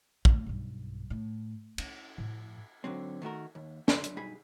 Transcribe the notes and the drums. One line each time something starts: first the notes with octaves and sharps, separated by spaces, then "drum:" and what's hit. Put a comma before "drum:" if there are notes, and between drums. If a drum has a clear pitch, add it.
D#2 A2, drum: kick
B1 G2
A2
C#4, drum: cymbal
A2 F3
G#2 D3 F#3 C4
D#3 A3 F#4 A#4
D#2
F#3 D4 B5 C6, drum: snare
drum: hi-hat
B1 G2 D#4 G#4 B5